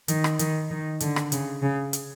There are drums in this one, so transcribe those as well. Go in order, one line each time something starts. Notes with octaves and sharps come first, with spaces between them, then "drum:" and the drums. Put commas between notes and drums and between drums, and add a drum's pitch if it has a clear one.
D#3, drum: hi-hat
drum: rim click
D#3, drum: hi-hat
D#3
D3, drum: hi-hat
drum: rim click
C#3, drum: hi-hat
C#3
drum: hi-hat